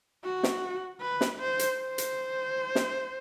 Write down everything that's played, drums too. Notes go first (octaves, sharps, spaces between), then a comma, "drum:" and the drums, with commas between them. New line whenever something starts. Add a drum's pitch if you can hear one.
F#4
drum: snare
B4
drum: snare
C5
drum: hi-hat
C5
drum: hi-hat
drum: snare